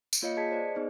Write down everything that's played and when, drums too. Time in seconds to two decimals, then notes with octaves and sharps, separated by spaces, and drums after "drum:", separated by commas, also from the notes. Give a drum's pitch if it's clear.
0.13 drum: tambourine
0.22 A#3 F4 C#5 D#5 F5 C#7
0.37 G#4 D#5 A5 G#6 B6 C#7
0.51 C5 D5 D#5
0.75 B3 D#4 G#4 C5